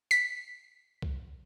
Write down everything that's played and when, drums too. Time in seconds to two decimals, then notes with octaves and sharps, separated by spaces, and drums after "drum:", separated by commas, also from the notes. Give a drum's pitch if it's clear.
0.11 B6, drum: hi-hat
1.02 drum: kick C2